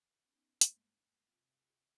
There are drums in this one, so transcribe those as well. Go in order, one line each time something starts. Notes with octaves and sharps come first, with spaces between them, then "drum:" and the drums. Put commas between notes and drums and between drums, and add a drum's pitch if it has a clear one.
B3 C#4 D#4
G2 G#3 A#3 C5, drum: hi-hat
G5 A#5 B5
C3 F4 A#5 C#6 F#6
G#4 E5 D6